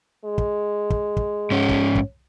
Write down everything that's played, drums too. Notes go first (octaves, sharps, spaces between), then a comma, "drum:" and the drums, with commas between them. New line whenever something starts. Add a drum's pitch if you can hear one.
G#3
drum: kick
drum: kick
drum: kick
G#2 C#4
drum: kick
drum: kick